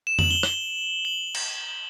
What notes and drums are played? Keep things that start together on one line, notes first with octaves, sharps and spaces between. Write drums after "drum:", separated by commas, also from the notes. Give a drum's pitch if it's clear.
E7
F#7, drum: tom F2
G7
G7, drum: rim click
F#7
drum: cymbal